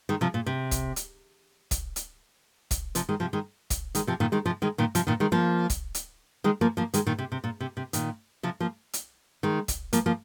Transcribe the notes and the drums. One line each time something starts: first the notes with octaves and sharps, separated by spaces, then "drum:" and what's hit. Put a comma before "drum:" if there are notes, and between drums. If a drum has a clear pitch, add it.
D#3 G#3
C3 F3
A#2
C3
drum: kick, hi-hat
drum: hi-hat
drum: kick, hi-hat
drum: hi-hat
drum: kick, hi-hat
C3 F3, drum: hi-hat
D#3 G#3
C3 F3
D#3 G#3
drum: kick, hi-hat
D#3 G#3, drum: hi-hat
C3 F3
A#2 D#3
D#3 G#3
C3 F3
D#3 G#3
A#2 D#3
C3 F3, drum: hi-hat
A#2 D#3
D#3 G#3
F3 A#3
drum: kick, hi-hat
drum: hi-hat
D#3 G#3
F3 A#3
F3 A#3
D#3 G#3, drum: hi-hat
A#2 D#3
C3
C3
A#2
C3
C3
A#2 D#3, drum: hi-hat
C3 F3
F3 A#3
drum: hi-hat
D#3 G#3
drum: kick, hi-hat
F3 A#3, drum: hi-hat
F3 A#3